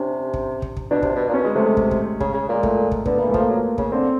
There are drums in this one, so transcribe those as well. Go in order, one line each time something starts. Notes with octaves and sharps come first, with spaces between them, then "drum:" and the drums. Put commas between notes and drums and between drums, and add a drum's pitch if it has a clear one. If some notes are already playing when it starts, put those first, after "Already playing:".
Already playing: C3 C#4 D4
drum: kick
drum: kick
drum: kick
B2 D4
C3, drum: kick
B2
A#2
B2 C#4
G#3
C3 A3
G#3
drum: kick
drum: kick
C#3, drum: kick
C#3
A#2
G#3
A3, drum: kick
drum: kick
D3 B3, drum: kick
E3 A#3
E3 A3
F3, drum: kick
A#3
F#3
C#3, drum: kick
D3 C4